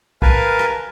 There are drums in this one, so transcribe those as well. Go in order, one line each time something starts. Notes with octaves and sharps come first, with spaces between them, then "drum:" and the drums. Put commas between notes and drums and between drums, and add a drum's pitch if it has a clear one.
A#4 B4 F5 G#5 A5, drum: kick B1
drum: rim click